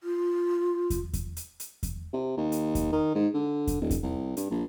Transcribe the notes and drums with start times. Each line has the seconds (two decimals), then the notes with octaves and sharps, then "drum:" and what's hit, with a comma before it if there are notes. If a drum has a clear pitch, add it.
0.03 F4
0.90 drum: kick E2, hi-hat
1.13 drum: kick E2, hi-hat
1.37 drum: hi-hat
1.60 drum: hi-hat
1.83 drum: kick E2, hi-hat
2.13 C3
2.37 D#2
2.52 drum: hi-hat
2.75 drum: kick E2, hi-hat
2.93 D#3
3.15 G#2
3.34 D3
3.67 drum: kick E2, hi-hat
3.81 D#1
3.90 drum: kick E2, hi-hat
4.03 C2
4.37 G2, drum: hi-hat
4.50 A#1